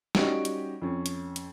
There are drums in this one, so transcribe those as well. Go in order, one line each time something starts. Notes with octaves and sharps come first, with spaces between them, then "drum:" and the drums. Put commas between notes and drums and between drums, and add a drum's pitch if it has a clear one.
G3 C#4 D#4 F#4 G4 D7, drum: snare
drum: hi-hat
F2 C#4
drum: hi-hat
drum: hi-hat